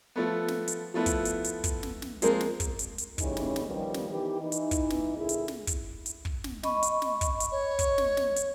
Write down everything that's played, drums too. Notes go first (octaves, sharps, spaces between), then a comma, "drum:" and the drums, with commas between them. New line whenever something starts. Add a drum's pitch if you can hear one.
F3 A3 B3
drum: snare
drum: hi-hat
F3 A3 B3 E4
drum: kick, hi-hat
drum: hi-hat
drum: hi-hat
drum: kick, hi-hat
drum: snare
drum: snare
F3 G#3 A#3 C4 A#4, drum: hi-hat
drum: snare
drum: kick, hi-hat
drum: hi-hat
drum: hi-hat
C#3 E3 G3 A3 C#4 D#4, drum: kick, hi-hat
drum: snare
drum: snare
B2 D#3 F3 G3
drum: snare
D#3 E3 B3 G4
E3 D#4
drum: hi-hat
drum: kick, hi-hat
drum: snare
A#2 D3 E4 G#4
drum: hi-hat
drum: snare
drum: kick, hi-hat
drum: hi-hat
drum: kick
drum: snare
D#5 B5 C#6, drum: snare
drum: hi-hat
drum: snare
drum: kick, hi-hat
drum: hi-hat
C#5
drum: kick, hi-hat
drum: snare
drum: snare
drum: hi-hat